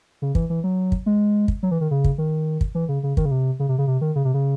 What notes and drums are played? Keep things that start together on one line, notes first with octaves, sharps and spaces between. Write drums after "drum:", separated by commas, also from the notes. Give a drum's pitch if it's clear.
C#3
E3, drum: kick
E3
F#3
drum: kick
G#3
drum: kick
F#3
E3
D#3
C#3
drum: kick
D#3
drum: kick
E3
C#3
C#3
D#3, drum: kick
C#3
C3
C#3
C3
C#3
C3
D#3
C#3
C3
C#3